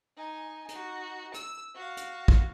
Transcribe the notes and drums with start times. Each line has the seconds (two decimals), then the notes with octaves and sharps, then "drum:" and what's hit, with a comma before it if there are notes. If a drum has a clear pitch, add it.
0.17 D#4 G#5
0.69 D#4 F#4, drum: hi-hat
1.34 E6, drum: hi-hat
1.75 F#4 F5
1.97 drum: hi-hat
2.28 drum: kick